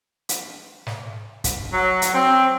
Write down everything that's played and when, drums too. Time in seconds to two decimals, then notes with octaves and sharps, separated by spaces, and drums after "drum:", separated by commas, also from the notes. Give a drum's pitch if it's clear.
0.29 drum: hi-hat
0.86 drum: snare
1.44 drum: kick, hi-hat
1.73 F#3
2.02 drum: hi-hat
2.14 C4